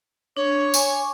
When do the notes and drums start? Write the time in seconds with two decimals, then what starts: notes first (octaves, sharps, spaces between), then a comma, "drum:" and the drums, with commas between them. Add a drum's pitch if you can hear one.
0.37 D4 C#5
0.74 G#5 C#6 D6, drum: tambourine